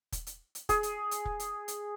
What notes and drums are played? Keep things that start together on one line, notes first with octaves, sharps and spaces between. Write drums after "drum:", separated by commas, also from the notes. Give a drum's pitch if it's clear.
drum: kick, hi-hat
drum: hi-hat
drum: hi-hat
G#4, drum: kick, hi-hat
drum: hi-hat
drum: hi-hat
drum: kick
drum: hi-hat
drum: hi-hat